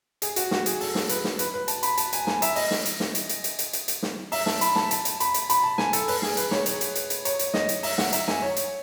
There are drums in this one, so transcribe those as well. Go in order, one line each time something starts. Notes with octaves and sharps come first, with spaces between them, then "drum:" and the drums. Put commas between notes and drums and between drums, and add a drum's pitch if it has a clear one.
G#4, drum: hi-hat
F#4, drum: hi-hat
F#4, drum: snare
G#4, drum: hi-hat
A4, drum: open hi-hat
drum: snare
B4, drum: hi-hat
drum: snare
B4, drum: hi-hat
B4
A5, drum: hi-hat
B5, drum: hi-hat
A5, drum: hi-hat
G#5, drum: hi-hat
G#5, drum: snare
E5, drum: hi-hat
D#5, drum: open hi-hat
drum: snare
drum: hi-hat
drum: snare
drum: hi-hat
drum: hi-hat
drum: hi-hat
drum: hi-hat
drum: hi-hat
drum: hi-hat
drum: snare
E5, drum: open hi-hat
A5, drum: snare
B5, drum: hi-hat
A5, drum: snare
A5, drum: hi-hat
drum: hi-hat
B5, drum: hi-hat
drum: hi-hat
B5, drum: hi-hat
A5
G#5, drum: snare
A4, drum: hi-hat
B4, drum: open hi-hat
G#4, drum: snare
B4, drum: hi-hat
C#5, drum: snare
C#5, drum: hi-hat
drum: hi-hat
drum: hi-hat
drum: hi-hat
C#5, drum: hi-hat
drum: hi-hat
D#5, drum: snare
drum: hi-hat
E5, drum: open hi-hat
F#5, drum: snare
E5, drum: hi-hat
G#5, drum: snare
C#5
drum: hi-hat